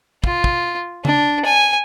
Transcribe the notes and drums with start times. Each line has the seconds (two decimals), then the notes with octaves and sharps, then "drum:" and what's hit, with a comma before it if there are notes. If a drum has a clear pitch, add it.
0.24 F4, drum: kick
0.44 drum: kick
1.05 D4, drum: tom C#3
1.45 G#5